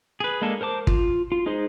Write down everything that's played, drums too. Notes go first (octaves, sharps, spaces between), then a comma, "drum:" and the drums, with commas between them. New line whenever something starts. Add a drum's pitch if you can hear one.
G#4 B4
G#3 A#3 D4 A4
A#4 C5 A5 D6
F4, drum: kick
F4
G#3 D#4 G#4 C5